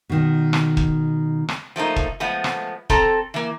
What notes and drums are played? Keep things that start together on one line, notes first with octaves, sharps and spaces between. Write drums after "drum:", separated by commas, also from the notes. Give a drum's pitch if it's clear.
B2 D#3
drum: rim click
drum: kick
drum: rim click
F3 A3 A#3 D#4
drum: kick
F3 G#3 A3 B3
drum: rim click
C4 A4 A#5, drum: kick
E3 A#3